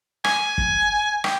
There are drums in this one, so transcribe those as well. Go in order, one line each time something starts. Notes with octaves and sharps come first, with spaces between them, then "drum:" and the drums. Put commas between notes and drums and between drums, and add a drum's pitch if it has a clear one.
G#5, drum: rim click
drum: kick
G5, drum: rim click